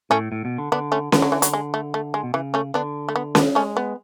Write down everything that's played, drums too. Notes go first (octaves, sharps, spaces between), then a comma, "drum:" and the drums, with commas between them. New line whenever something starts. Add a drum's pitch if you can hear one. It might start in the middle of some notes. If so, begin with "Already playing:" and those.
A2 A3 C#4
A2
B2
D3
D3 B3 D4
A3 C#4
D3 B3, drum: snare C#4
F#3
E3
F#3, drum: hi-hat
G#3
A3
A3
G#3
B2
C#3 E3
A3 C#4
D3 B3 D4
A3
B3
B3 D4, drum: snare C#4
G#3 A3 C#4
B3